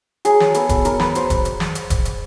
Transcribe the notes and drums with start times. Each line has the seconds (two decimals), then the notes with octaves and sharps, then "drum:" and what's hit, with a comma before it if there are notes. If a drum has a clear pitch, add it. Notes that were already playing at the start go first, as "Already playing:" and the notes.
0.25 F#3 G#4, drum: hi-hat
0.40 F#3, drum: snare
0.54 B3 A4, drum: hi-hat
0.69 B3, drum: kick D#1, hi-hat
0.85 F#3 A#4, drum: hi-hat
1.00 F#3 B4, drum: snare
1.15 F#3 C5, drum: hi-hat
1.30 drum: kick D#1, hi-hat
1.45 drum: hi-hat
1.60 drum: snare
1.75 drum: hi-hat
1.90 drum: kick D#1, hi-hat
2.05 drum: hi-hat